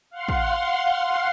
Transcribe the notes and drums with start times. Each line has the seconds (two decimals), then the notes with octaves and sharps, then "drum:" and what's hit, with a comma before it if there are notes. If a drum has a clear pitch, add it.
0.10 F5 F#5 C6
0.28 drum: kick